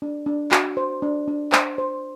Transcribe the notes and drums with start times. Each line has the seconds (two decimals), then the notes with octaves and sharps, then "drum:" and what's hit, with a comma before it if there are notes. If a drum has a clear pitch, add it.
0.02 D4
0.26 D4
0.51 F#4, drum: clap
0.77 C5
1.02 D4
1.28 D4
1.52 C5, drum: clap
1.78 C5